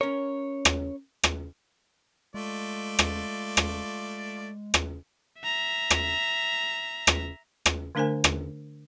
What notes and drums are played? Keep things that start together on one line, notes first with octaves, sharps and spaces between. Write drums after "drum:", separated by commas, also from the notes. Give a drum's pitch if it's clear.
C#4 A#4 C#5
drum: rim click
drum: rim click
G#3 A3 F4 D5
drum: rim click
drum: rim click
drum: rim click
E5 A#5
drum: rim click
drum: rim click
drum: rim click
D3 A3 D4 A#4 C5 G#5
drum: rim click